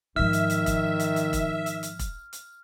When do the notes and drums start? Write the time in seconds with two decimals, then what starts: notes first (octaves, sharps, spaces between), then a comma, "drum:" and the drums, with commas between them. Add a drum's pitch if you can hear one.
0.16 G#2 D#3 F3 E5 F6
0.33 drum: hi-hat
0.50 drum: hi-hat
0.66 drum: kick E1, hi-hat
1.00 drum: hi-hat
1.16 drum: hi-hat
1.33 drum: kick E1, hi-hat
1.66 drum: hi-hat
1.83 drum: hi-hat
1.99 drum: kick E1, hi-hat
2.33 drum: hi-hat